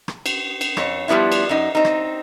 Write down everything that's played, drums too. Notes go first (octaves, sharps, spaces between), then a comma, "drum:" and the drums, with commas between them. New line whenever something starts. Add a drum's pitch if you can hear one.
drum: rim click
drum: cymbal
drum: cymbal
F2 C#5, drum: rim click
F3 G3 B3 D4 E4
drum: cymbal
F#2 D#4
C4 D#4
drum: rim click